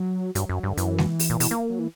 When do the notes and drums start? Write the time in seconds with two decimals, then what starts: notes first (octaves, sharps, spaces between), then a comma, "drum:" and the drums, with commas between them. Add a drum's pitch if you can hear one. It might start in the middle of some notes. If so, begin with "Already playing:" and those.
Already playing: F#3
0.35 G2 F#3, drum: hi-hat
0.49 F#2
0.63 G2
0.69 D3
0.77 F#2 E3, drum: hi-hat
0.98 drum: snare G#3
1.19 drum: open hi-hat
1.30 A#2
1.40 B2, drum: open hi-hat
1.51 A#3
1.70 F#3
1.79 E3